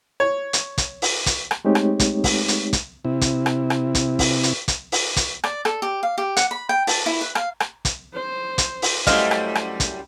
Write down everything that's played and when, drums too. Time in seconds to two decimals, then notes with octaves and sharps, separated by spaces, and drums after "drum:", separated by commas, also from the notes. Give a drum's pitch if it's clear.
0.20 C#5
0.53 drum: hi-hat
0.78 drum: kick, hi-hat
1.02 drum: open hi-hat
1.26 drum: kick, hi-hat
1.51 drum: rim click
1.65 G#3 A3 C4 D#4 G4 C#5
1.75 drum: rim click
2.00 drum: kick, hi-hat
2.24 drum: kick, open hi-hat
2.48 drum: hi-hat
2.73 drum: kick, hi-hat
3.05 C3 E4
3.21 drum: kick, hi-hat
3.46 drum: rim click
3.70 drum: rim click
3.95 drum: kick, hi-hat
4.19 drum: kick, open hi-hat
4.43 drum: hi-hat
4.68 drum: kick, hi-hat
4.92 drum: open hi-hat
5.17 drum: kick, hi-hat
5.44 D5, drum: rim click
5.65 A4, drum: rim click
5.82 G4
6.03 F5
6.18 G4
6.37 F#5, drum: hi-hat
6.51 B5
6.69 G5
6.87 A5, drum: open hi-hat
7.06 E4
7.21 B4
7.35 F5, drum: rim click
7.60 drum: rim click
7.85 drum: kick, hi-hat
8.14 C5
8.58 drum: kick, hi-hat
8.82 drum: open hi-hat
9.07 F#2 G3 A3 E4 C5 D#5 F5, drum: kick, hi-hat
9.31 drum: rim click
9.55 drum: rim click
9.80 drum: kick, hi-hat